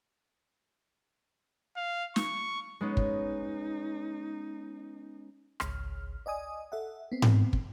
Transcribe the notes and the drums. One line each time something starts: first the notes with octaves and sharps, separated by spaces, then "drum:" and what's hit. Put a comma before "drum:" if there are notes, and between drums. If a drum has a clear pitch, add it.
F5
C#6, drum: snare
G#3 B3 C#4 D#4
drum: kick
G#1 C#2 F6, drum: rim click
D5 D#5 G#5 D#6
A4 E5 F#5
B3 C4
drum: tom G#2
drum: kick